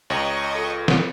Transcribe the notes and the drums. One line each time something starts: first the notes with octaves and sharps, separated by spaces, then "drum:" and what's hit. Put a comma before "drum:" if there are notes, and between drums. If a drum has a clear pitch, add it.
C#2 C#5 D#5 G5 A#5 C#6
F4 A4
drum: snare